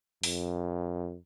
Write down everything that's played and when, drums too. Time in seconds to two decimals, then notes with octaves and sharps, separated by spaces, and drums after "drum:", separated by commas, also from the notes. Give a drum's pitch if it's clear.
0.23 F2, drum: open hi-hat